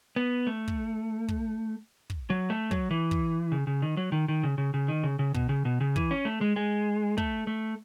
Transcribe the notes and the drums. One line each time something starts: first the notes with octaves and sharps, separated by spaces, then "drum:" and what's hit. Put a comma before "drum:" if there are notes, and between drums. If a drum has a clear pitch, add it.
B3
A3
drum: kick
drum: kick
drum: kick
F#3
A3
F#3, drum: kick
E3
drum: kick
C#3
C#3
D#3
F#3
D#3
D#3
C#3
C#3
C#3
D#3
C#3
C#3
B2, drum: kick
C#3
B2
C#3
E3, drum: kick
C#4
A3
G#3
G#3
A3, drum: kick
A3